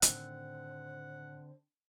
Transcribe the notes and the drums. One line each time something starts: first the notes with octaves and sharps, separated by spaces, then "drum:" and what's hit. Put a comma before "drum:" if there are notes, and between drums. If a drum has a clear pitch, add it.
A2 D3 D#3 C4 C5 F#5, drum: hi-hat